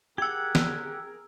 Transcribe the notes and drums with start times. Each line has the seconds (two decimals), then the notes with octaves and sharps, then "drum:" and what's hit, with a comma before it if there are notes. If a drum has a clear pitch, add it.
0.18 G4 G#4 A#4 F#5 E6 G#6
0.55 drum: snare